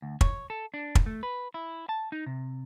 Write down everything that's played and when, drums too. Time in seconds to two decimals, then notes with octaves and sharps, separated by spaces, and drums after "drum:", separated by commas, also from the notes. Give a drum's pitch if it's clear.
0.02 D2
0.21 C#5, drum: kick
0.50 A4
0.74 D4
0.95 drum: kick
1.06 A3
1.23 B4
1.54 E4
1.89 A5
2.12 D#4
2.26 C3